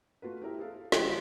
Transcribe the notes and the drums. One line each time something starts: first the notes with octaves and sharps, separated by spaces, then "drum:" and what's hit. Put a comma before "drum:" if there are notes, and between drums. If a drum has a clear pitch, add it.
A3 F4 F#4 B4
E4 G4 A#4 E5
G#4 A4 F5
F3 G#3 D4 F#4 G4 A4, drum: snare
D#3 F3 C6